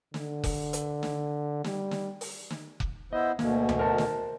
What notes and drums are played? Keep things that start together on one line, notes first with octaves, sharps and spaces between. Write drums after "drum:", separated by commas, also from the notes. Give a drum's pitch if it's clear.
D3, drum: snare
drum: kick F1, open hi-hat
drum: hi-hat
drum: snare
G3, drum: snare
drum: snare
drum: open hi-hat
drum: snare
drum: kick F1
B3 E4 C5 D#5
D2 B2 A#3, drum: snare
drum: tom D2
A#4 C5 A5
drum: snare